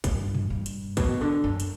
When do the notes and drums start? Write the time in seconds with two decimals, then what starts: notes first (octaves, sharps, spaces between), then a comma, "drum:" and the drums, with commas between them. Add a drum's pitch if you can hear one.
0.04 G2, drum: kick, hi-hat
0.35 drum: tom A2
0.50 G2
0.66 drum: hi-hat
0.97 B2, drum: kick, hi-hat
1.21 D3
1.44 F#2
1.60 drum: hi-hat